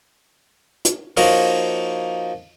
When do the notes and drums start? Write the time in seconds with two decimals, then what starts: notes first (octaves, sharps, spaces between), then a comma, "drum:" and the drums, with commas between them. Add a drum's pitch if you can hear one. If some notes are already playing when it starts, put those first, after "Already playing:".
0.85 drum: hi-hat
1.17 F3 A#3 D#4 F#4 A#4 C#5, drum: open hi-hat